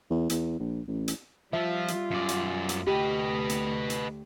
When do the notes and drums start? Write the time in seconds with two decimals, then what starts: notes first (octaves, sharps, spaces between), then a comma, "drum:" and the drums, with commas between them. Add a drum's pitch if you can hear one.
0.10 E2
0.30 E2, drum: hi-hat
0.59 A#1
0.88 A1
1.08 drum: hi-hat
1.53 F3 G3 F4 E5
1.88 drum: hi-hat
2.11 F#2 D5
2.29 drum: hi-hat
2.69 drum: hi-hat
2.87 D2 G4 B4 D#5
3.49 drum: hi-hat
3.90 drum: hi-hat